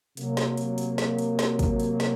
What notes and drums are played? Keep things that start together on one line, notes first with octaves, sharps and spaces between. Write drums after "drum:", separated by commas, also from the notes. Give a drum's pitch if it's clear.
C3 F#3 A#3, drum: hi-hat
drum: snare
drum: hi-hat
drum: hi-hat
drum: snare
drum: hi-hat
drum: snare
drum: kick, hi-hat
drum: hi-hat
drum: snare